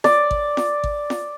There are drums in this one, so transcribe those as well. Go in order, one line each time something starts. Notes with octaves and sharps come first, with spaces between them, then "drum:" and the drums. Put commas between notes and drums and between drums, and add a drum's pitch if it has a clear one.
D5, drum: snare F4
drum: kick G#1
drum: snare F4
drum: kick G#1
drum: snare F4